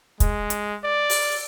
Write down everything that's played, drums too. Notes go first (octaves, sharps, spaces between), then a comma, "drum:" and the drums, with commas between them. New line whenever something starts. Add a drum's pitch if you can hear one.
G#3, drum: kick, hi-hat
drum: hi-hat
D5
drum: open hi-hat